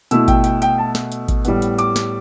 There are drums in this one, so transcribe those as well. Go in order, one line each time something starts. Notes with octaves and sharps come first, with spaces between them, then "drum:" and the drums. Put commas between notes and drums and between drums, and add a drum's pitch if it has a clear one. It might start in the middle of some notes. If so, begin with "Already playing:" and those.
B2 A3 E4 E6, drum: hi-hat
G5, drum: kick G#1, hi-hat
G5, drum: hi-hat
G5, drum: hi-hat
A5
drum: snare
drum: hi-hat
drum: kick G#1, hi-hat
A2 G3 B3, drum: hi-hat
drum: hi-hat
D6, drum: hi-hat
drum: snare